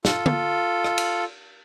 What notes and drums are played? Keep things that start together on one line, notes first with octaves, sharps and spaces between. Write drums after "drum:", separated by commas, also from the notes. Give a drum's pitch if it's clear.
F4 A4, drum: snare
drum: tom
drum: rim click
drum: cymbal